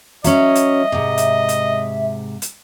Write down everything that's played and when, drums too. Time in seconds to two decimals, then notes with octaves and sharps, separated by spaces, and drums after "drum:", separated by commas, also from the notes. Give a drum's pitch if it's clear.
0.24 F#3 C#4 D#5 E5, drum: hi-hat
0.55 drum: hi-hat
0.92 G#2 C3
1.18 drum: hi-hat
1.49 drum: hi-hat
2.42 drum: hi-hat